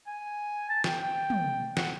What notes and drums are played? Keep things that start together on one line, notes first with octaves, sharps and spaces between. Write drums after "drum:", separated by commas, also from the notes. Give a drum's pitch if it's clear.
G#5
A5
G5, drum: snare
G5
drum: tom
F#5, drum: snare